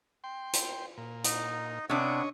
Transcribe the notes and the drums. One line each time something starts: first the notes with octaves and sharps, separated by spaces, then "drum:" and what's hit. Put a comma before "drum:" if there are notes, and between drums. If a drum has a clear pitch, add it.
G5 C6
drum: hi-hat
A#2
D#4 D#5, drum: hi-hat
C3 B3 C#4 D4 E4 C#5 D#5 F#5